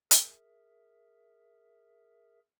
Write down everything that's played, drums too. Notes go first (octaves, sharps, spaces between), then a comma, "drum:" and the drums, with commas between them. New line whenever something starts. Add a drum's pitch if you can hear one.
G#4 A#4 E5, drum: hi-hat